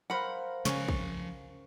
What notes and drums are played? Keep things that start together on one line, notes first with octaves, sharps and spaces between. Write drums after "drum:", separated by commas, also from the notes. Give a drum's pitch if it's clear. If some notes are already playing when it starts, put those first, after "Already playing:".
A#4 C5 F5 F#5 B5
C#3 F3 G#5 C#6, drum: snare
drum: kick